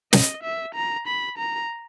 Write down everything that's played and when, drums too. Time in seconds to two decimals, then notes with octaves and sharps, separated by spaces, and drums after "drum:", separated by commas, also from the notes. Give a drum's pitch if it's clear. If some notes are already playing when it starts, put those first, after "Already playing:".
0.13 D#5, drum: snare
0.44 E5
0.75 A#5
1.07 B5
1.38 A#5